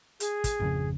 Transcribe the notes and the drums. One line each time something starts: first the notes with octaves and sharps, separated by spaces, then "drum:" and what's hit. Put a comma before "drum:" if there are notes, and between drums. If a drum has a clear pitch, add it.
G#4, drum: hi-hat
drum: kick, hi-hat
G#1 F2 C#3